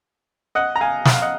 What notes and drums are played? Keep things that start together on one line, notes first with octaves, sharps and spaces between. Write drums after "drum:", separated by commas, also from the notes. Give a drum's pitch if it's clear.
D#5 F#5
A#5
F5 G#5
F#5, drum: snare
F5
D#5 F#5